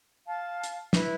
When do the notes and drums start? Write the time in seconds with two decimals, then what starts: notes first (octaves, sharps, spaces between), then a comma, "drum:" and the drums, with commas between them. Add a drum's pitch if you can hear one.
0.26 F5 A5
0.64 drum: hi-hat
0.93 E4 B4 E5, drum: snare